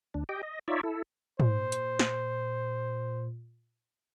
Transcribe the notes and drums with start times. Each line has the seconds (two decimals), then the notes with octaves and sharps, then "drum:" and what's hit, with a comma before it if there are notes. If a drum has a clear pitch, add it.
0.14 D2 D4
0.29 G4 D#5 G5
0.43 D#5
0.68 D#4 F4 C#5 D5 E5
0.83 E4 A4
1.40 A#2 C5, drum: tom
1.72 drum: hi-hat
1.99 drum: snare